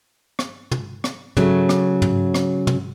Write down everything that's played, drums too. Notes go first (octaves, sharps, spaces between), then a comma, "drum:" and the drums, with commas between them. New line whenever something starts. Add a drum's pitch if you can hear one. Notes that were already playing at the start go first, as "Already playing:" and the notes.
drum: rim click
drum: tom
drum: rim click
C#3 F#3 A3, drum: tom
drum: rim click
drum: tom
drum: rim click
drum: tom